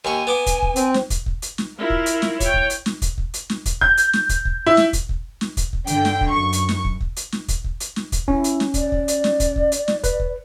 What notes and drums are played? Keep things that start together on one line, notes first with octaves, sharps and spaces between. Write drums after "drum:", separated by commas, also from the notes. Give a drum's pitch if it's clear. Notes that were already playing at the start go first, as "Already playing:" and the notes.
D#2 G#5 C#6
B3 D6
drum: kick, hi-hat
drum: kick
C4, drum: hi-hat
drum: snare
drum: kick, hi-hat
drum: kick
drum: hi-hat
drum: snare
E4 F4 A#4
drum: kick
drum: hi-hat
drum: snare
C#5 G5, drum: kick, hi-hat
drum: kick
drum: hi-hat
drum: snare
drum: kick, hi-hat
drum: kick
drum: hi-hat
drum: snare
drum: kick, hi-hat
G6, drum: kick
drum: hi-hat
drum: snare
drum: kick, hi-hat
drum: kick
E4
drum: snare
drum: kick, hi-hat
drum: kick
drum: snare
drum: kick, hi-hat
drum: kick
G2 D3 G5, drum: hi-hat
drum: snare
drum: kick
F#2 C#6
drum: hi-hat
drum: snare
drum: kick
drum: kick
drum: hi-hat
drum: snare
drum: kick, hi-hat
drum: kick
drum: hi-hat
drum: snare
drum: kick, hi-hat
C#4 E4, drum: kick
drum: hi-hat
drum: snare
D5, drum: kick, hi-hat
drum: kick
drum: hi-hat
drum: snare
drum: kick, hi-hat
drum: kick
drum: hi-hat
drum: snare
B4, drum: kick, hi-hat
drum: kick